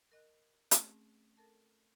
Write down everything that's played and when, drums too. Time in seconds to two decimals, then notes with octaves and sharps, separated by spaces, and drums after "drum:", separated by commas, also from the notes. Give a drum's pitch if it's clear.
0.12 A#4 D#5 F#6
0.71 A3 C4 C#4 G#4, drum: hi-hat
1.37 A4 A#4 A5